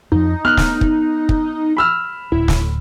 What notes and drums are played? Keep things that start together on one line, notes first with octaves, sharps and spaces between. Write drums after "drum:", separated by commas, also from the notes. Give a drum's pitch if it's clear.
F2 F3 D#4
B3 F6 F#6
drum: snare
drum: kick
drum: kick
B5 E6 F6
D1 E4
drum: snare